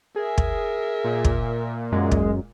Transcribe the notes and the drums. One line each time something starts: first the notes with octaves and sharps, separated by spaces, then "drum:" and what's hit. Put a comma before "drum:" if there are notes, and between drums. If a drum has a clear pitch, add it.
G#4 A#4 E5
drum: kick
A#2
drum: kick
F#2 G#3
drum: kick